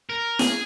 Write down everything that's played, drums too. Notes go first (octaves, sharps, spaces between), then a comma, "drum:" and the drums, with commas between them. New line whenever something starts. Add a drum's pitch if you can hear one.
A#4
G#4, drum: snare